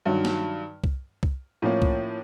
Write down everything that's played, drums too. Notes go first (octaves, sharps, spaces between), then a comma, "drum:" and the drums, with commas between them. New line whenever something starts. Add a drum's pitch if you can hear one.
G2 D#3 F#3
drum: snare
drum: kick C2
drum: kick C2
A2 F3 A#3 C#4
drum: kick C2